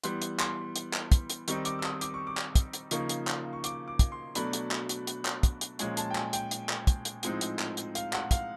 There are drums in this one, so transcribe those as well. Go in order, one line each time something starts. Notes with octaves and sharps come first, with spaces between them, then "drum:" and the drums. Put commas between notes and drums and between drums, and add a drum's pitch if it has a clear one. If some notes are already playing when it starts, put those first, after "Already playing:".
E3 G3 B3 C6, drum: hi-hat
drum: hi-hat
C6, drum: clap
drum: hi-hat
drum: clap
drum: kick, hi-hat
drum: hi-hat
D#3 G3 C4 D#4 C#6, drum: hi-hat
D6, drum: hi-hat
E6
D#6, drum: clap
D6, drum: hi-hat
C#6
D6
drum: clap
drum: kick, hi-hat
drum: hi-hat
C#3 F3 A#3 D#4 C#6, drum: hi-hat
drum: hi-hat
drum: clap
C#6
D6, drum: hi-hat
D6
drum: kick, hi-hat
C6
B2 F#3 A3 D4 B5, drum: hi-hat
drum: hi-hat
drum: clap
drum: hi-hat
drum: hi-hat
drum: clap
drum: kick, hi-hat
drum: hi-hat
A#2 F3 G#3 C#4, drum: hi-hat
A5, drum: hi-hat
G5
G#5, drum: clap
G5, drum: hi-hat
drum: hi-hat
drum: clap
drum: kick, hi-hat
drum: hi-hat
A2 F3 G#3 C4 D#4, drum: hi-hat
drum: hi-hat
drum: clap
drum: hi-hat
F5, drum: hi-hat
F#5, drum: clap
F5, drum: kick, hi-hat